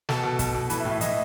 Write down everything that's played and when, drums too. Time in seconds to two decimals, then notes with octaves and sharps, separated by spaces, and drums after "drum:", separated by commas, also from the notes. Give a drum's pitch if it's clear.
0.09 B2 A4, drum: snare
0.23 B2
0.39 B2, drum: kick, hi-hat
0.55 B2
0.70 E3 B4, drum: hi-hat
0.80 E5
0.85 A2
0.91 E5
1.01 E3 D#5, drum: hi-hat